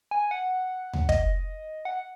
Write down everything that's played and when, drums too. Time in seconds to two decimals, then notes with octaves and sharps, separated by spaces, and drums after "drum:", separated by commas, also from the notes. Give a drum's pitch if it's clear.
0.11 G#5
0.31 F#5
0.93 drum: tom D2
1.09 D#5, drum: kick
1.85 F#5